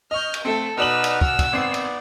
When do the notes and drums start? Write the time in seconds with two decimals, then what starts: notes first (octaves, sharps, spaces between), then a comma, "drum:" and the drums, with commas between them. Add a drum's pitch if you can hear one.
0.11 D#5 C#6 F6 G6
0.34 drum: cymbal
0.45 A3 C4 A4
0.77 B2 D#4 B4 D5 F#5 E6 F6 F#7
1.04 drum: cymbal
1.21 E6 F6, drum: kick
1.39 drum: kick, cymbal
1.53 G#1 B3 C4 D5 C7
1.74 drum: cymbal